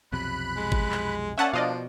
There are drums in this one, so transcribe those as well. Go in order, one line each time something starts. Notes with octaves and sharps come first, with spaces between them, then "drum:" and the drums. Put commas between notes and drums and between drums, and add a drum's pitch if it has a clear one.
B1 F2 C3 B5 F#6
G#3
drum: kick G#1
drum: clap
A#3 C#4 D4 E5 F#5 A5
B2 F3 D5 D#5 F5